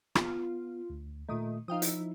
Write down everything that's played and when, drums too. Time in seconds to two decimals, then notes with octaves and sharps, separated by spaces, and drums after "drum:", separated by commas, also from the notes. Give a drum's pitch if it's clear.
0.15 B3 F4, drum: rim click
0.90 D2
1.29 A#2 D#3 A3 D#6
1.68 F3 D#4 F5 G5 D#6
1.82 E4, drum: hi-hat